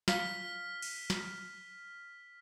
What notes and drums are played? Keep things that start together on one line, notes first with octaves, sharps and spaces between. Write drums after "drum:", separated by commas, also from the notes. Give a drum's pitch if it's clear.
F4 F5 F6 B6, drum: snare
drum: cymbal
drum: snare